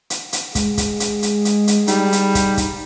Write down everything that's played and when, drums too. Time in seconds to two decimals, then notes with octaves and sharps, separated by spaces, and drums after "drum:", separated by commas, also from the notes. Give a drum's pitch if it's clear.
0.10 drum: hi-hat
0.33 drum: hi-hat
0.55 G#3 G#4, drum: kick, hi-hat
0.78 drum: kick, hi-hat
1.00 drum: hi-hat
1.23 drum: hi-hat
1.45 drum: hi-hat
1.67 drum: hi-hat
1.87 G3 D#4, drum: hi-hat
2.12 drum: hi-hat
2.35 drum: kick, hi-hat
2.57 drum: kick, hi-hat